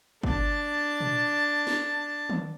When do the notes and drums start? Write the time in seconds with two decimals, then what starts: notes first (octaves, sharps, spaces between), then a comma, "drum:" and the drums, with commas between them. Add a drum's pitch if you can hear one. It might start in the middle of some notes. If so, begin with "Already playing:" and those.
0.23 D4 A5, drum: kick
1.01 drum: tom A#2
1.67 drum: snare
2.30 drum: tom D#3